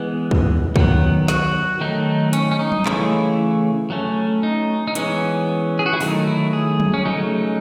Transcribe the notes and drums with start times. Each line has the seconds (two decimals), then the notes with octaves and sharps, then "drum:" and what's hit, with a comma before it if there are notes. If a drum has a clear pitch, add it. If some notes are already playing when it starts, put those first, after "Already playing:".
Already playing: E3 G#3 B3
0.31 drum: kick
0.76 D#3 F#3 B3, drum: kick
1.28 F#4, drum: snare
1.81 D#3 F#3 A3 D#4
2.33 C#4, drum: hi-hat
2.51 C#4
2.59 D#4
2.72 drum: tom F#3
2.86 C#3 E3 A3 C#4 E4, drum: clap
3.90 F#3 A3 C#4
4.43 D#4
4.87 D#4
4.95 E3 G#3 B3 C#4, drum: hi-hat
5.79 G#4
5.86 F#4
5.93 E4
6.01 D#3 F#3 A3 D#4, drum: open hi-hat
6.27 E4
6.53 G#4
6.80 drum: tom F#3
6.94 C#4
7.05 C#3 F#3 A3 C#4 D#4